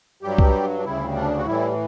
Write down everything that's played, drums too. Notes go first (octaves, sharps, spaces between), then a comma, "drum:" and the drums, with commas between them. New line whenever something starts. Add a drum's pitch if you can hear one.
G2 F#3 G3 G4
drum: kick C2
D4
D2 C#3 G3 E4
D4
F#4
A2 E3 G3 E4